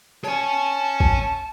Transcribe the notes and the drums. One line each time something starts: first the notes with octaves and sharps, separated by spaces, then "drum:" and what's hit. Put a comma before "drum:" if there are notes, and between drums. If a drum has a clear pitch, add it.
C#5 G#5 A5
drum: kick